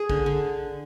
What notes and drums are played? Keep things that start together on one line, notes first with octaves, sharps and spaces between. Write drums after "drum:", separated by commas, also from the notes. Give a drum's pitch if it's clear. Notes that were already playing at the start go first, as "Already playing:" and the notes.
Already playing: G#4
D3, drum: kick
D3